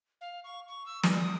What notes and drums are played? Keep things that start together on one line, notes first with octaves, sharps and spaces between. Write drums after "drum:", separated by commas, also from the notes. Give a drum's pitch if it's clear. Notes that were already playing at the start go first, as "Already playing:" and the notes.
F5
C#6
C#6
E6
D5, drum: snare
D#6